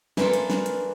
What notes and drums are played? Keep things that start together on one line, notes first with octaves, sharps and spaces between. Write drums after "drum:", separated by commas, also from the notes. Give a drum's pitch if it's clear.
E3 A#3 D4 F4 A4, drum: snare
drum: hi-hat
drum: snare
drum: hi-hat